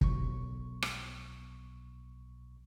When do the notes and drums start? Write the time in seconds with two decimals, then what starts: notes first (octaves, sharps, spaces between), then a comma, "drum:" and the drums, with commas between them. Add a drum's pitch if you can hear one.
0.01 B1 C#6, drum: kick
0.82 drum: rim click